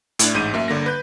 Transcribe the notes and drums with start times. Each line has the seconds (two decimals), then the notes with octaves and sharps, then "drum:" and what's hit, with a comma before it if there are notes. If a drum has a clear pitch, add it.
0.19 A2 D4, drum: hi-hat
0.34 A1 G#2 G6 D#7
0.54 F#2 A#3 E5
0.68 G1 D3 A#3 A#6
0.86 B4 G6